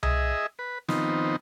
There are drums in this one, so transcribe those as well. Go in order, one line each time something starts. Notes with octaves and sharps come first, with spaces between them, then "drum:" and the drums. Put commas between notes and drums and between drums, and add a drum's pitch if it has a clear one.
G#4 D#5 E5, drum: tom C2
B4
D#3 F3 B3 C4 D#4, drum: snare